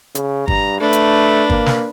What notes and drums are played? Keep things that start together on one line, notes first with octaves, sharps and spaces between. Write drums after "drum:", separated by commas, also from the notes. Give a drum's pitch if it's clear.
C#3, drum: hi-hat
G2 A#5, drum: kick
A3 D4 B4
drum: hi-hat
A#3, drum: kick
drum: snare